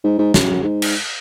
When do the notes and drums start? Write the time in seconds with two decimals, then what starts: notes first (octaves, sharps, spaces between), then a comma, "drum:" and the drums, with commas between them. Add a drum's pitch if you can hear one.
0.04 G#2
0.18 G#2
0.34 F#2, drum: snare
0.64 G#2
0.82 drum: cymbal